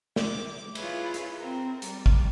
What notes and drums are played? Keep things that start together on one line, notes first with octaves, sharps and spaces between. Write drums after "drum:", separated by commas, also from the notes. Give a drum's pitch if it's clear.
D6, drum: snare
E4 F4 G#4 B4 C#5, drum: cymbal
drum: hi-hat
C4 A#4
G3, drum: hi-hat
drum: kick